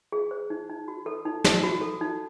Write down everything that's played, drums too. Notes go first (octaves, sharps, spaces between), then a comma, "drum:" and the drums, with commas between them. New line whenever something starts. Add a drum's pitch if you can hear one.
G#4
C5
D#4
D#4
F#4
A4
D#4
D#4, drum: snare
F#4
A4
D#4